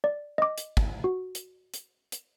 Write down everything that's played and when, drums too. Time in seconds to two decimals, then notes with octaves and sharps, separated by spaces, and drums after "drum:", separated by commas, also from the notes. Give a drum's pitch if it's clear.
0.04 D5
0.38 D#5 D6
0.58 drum: hi-hat
0.77 drum: kick
1.04 F#4
1.35 drum: hi-hat
1.74 drum: hi-hat
2.12 drum: hi-hat